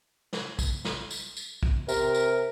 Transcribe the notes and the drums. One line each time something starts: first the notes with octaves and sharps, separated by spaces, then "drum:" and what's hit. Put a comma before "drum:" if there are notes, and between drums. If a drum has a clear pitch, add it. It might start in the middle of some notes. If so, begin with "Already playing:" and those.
drum: snare
drum: kick, tambourine
drum: snare
drum: tambourine
drum: tambourine
drum: kick
C3 A#4, drum: tambourine
drum: tambourine